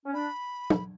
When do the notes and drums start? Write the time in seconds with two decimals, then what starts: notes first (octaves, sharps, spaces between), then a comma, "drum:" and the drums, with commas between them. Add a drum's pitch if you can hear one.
0.06 C#4
0.14 D4 B5
0.70 drum: tom